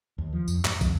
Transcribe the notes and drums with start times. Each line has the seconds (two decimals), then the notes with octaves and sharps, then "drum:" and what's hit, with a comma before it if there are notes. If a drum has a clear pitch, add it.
0.18 D#2
0.33 F3
0.48 F2, drum: tambourine
0.65 G#2, drum: clap
0.81 F2, drum: kick, tambourine